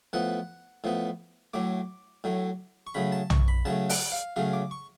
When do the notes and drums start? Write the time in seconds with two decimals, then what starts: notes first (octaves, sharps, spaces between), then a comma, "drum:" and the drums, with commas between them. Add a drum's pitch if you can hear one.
0.13 A2 F3 B3 F#5
0.84 A2 F3 B3
1.54 A2 F#3 A3 D6
2.24 A2 F#3 A3
2.87 C#6
2.94 C#3 F#3 A3 B5
3.12 A5
3.30 C#6, drum: tom B1
3.48 B5
3.65 C#3 F#3 A3 A5
3.89 F#5, drum: open hi-hat
4.12 F5
4.36 C#3 F#3 A3 F5
4.53 D6
4.71 C#6